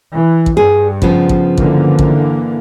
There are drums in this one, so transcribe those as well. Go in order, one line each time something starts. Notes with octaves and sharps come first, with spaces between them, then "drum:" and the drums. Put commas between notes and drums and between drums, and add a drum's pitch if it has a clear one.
E3
drum: kick A1
G2 G#4
C#3 F3 B3, drum: kick A1
drum: kick A1
D3 E3 A#3, drum: kick A1
drum: kick A1